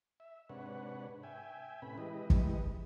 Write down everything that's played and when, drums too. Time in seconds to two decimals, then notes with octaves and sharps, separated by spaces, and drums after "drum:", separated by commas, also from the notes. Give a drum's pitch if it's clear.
0.20 E5
0.49 G#2 C3 D4 B4 C#5 F#5
1.23 E5 G5 G#5
1.82 A2 C3 C#4 B4 B5
1.98 E3 G#3 E4 G4 B4 D#5
2.30 drum: kick